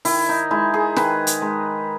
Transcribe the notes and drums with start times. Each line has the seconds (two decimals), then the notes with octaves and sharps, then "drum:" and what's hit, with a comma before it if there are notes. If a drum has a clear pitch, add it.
0.05 D#3 E4, drum: open hi-hat
0.29 D#4
0.51 G#3 D#4 E4
0.74 G#4
0.96 D#3 B4, drum: snare
1.27 drum: hi-hat
1.42 G#3 D#4